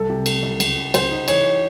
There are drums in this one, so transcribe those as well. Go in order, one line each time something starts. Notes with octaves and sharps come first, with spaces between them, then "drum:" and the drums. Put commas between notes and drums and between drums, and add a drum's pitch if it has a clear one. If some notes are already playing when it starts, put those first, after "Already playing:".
Already playing: C2 A4
C3
A3, drum: cymbal
C2
C#2, drum: cymbal
C#3
C#2 C5, drum: cymbal
D#4
E3 C#5, drum: cymbal